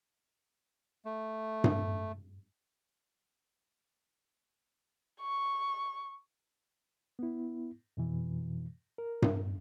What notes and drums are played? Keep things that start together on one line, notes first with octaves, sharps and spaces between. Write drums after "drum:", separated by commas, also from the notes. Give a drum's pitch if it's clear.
A3
drum: tom G2
C#6
B3 E4
F2 B2 E3
A#4
drum: tom G2